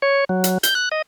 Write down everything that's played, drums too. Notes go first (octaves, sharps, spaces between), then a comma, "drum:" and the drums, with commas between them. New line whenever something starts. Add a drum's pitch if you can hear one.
C#5
F#3
drum: hi-hat
G6, drum: hi-hat
F#6
D#5